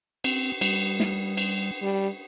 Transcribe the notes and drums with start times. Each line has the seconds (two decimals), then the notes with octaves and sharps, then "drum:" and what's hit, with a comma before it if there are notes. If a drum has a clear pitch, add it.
0.24 C4, drum: cymbal
0.61 G3, drum: cymbal
1.00 drum: snare
1.37 drum: cymbal
1.82 G3